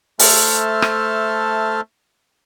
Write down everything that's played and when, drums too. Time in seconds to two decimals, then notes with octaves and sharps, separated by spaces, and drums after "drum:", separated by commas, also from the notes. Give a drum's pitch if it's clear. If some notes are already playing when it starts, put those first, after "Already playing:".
0.19 A3 A4 C5 E5 A5 F6, drum: open hi-hat
0.82 drum: rim click